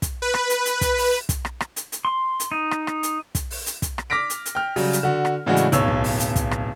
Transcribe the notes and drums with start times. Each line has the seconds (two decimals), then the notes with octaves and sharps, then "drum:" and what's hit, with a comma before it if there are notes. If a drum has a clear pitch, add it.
0.02 drum: kick, hi-hat
0.22 B4
0.34 drum: rim click
0.50 drum: hi-hat
0.65 drum: hi-hat
0.81 drum: kick, hi-hat
0.97 drum: open hi-hat
1.29 drum: kick, hi-hat
1.45 drum: rim click
1.61 drum: rim click
1.76 drum: hi-hat
1.92 drum: hi-hat
2.05 C6
2.40 drum: hi-hat
2.52 D#4
2.71 drum: rim click
2.87 drum: rim click
3.03 drum: hi-hat
3.35 drum: kick, hi-hat
3.51 drum: open hi-hat
3.66 drum: hi-hat
3.82 drum: kick, hi-hat
3.98 drum: rim click
4.10 D6 F6 A#6 B6 D7
4.30 drum: hi-hat
4.46 drum: hi-hat
4.55 G5 F6
4.76 C#3 F#3 G3, drum: open hi-hat
4.93 drum: hi-hat
5.03 D3 F#4
5.25 drum: rim click
5.46 A2 C#3 E3 G#3 D4 F#4
5.56 drum: hi-hat
5.72 D1 B1 C#5 E6, drum: hi-hat
5.88 drum: kick
6.04 drum: open hi-hat
6.20 drum: hi-hat
6.36 drum: kick, hi-hat
6.51 drum: rim click